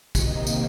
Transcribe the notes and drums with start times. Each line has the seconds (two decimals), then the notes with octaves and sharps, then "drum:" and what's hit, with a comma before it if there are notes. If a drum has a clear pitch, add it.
0.15 C3 D#3 A#3 D#5, drum: kick, tambourine
0.47 drum: tambourine